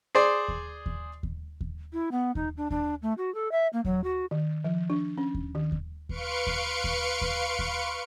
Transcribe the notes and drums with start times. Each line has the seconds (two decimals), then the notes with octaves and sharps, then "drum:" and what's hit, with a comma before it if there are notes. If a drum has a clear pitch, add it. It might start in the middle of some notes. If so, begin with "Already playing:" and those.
0.15 G#4 C5 D5
0.48 drum: kick D#2
0.86 drum: kick D#2
1.23 drum: kick D#2
1.61 drum: kick D#2
1.93 E4
2.11 B3
2.35 D#4, drum: kick D#2
2.57 D4
2.70 D4, drum: kick D#2
3.02 A3
3.18 F#4
3.34 A4
3.51 E5
3.73 A#3
3.85 F#3, drum: kick D#2
4.04 F#4
4.31 D#3
4.65 F3
4.90 D4
5.18 C#4
5.35 drum: kick D#2
5.55 D#3
5.72 drum: kick D#2
6.09 B4 F5 C6 C#6 C#7 D7, drum: kick D#2
6.47 drum: kick D#2
6.84 drum: kick D#2
7.21 drum: kick D#2
7.59 drum: kick D#2